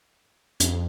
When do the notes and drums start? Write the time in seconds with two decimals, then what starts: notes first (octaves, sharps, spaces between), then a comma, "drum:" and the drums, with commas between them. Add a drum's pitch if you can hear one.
0.60 F2, drum: hi-hat